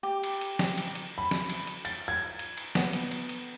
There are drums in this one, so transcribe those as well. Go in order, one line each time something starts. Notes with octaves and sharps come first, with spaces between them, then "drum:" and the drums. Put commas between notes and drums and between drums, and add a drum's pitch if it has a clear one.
G4
drum: cymbal
drum: cymbal
drum: snare
drum: cymbal
drum: cymbal
B5
drum: snare
drum: cymbal
drum: cymbal
A6, drum: cymbal
G#6
drum: cymbal
drum: cymbal
B3, drum: snare
drum: cymbal
drum: cymbal
drum: cymbal